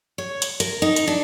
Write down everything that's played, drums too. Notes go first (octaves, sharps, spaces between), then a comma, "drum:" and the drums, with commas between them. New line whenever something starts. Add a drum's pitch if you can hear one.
C#5
drum: hi-hat
A#4, drum: hi-hat
D#4
drum: hi-hat
D4